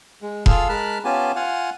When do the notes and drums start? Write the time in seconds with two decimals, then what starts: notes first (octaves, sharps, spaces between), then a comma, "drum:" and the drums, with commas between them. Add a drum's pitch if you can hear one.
0.22 G#3
0.46 F4 G#4 A4 F5 E6, drum: kick F1
0.69 G#3 A#4 A5 B5 F6 F#6
1.05 B3 C#4 F4 G4 G#5 A5
1.36 F4 F5 F#5 G#5